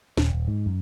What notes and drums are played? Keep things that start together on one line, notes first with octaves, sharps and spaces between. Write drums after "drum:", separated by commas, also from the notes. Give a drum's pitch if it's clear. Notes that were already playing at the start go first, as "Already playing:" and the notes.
D#1, drum: snare
D#1
G#2
F#2